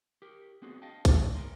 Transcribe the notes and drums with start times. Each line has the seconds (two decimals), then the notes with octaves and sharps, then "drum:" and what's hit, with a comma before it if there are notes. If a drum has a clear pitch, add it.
0.22 G4 A#4
0.62 B3 C4 D4 F#4 G#4
0.82 D#5 F5 G5 A5
1.05 D#3 E3 A3 G#4, drum: kick, hi-hat
1.35 A#4 B4 G5 G#5 A#5 C6